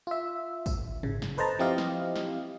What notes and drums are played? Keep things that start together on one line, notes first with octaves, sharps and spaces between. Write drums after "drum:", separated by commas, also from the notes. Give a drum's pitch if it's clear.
F4 E5
drum: kick, tambourine
C#3, drum: tom G2
drum: snare
A4 B4 C5 D#5 A5 A#5
F3 C4 E4 G4 D#5 F5
drum: snare
drum: snare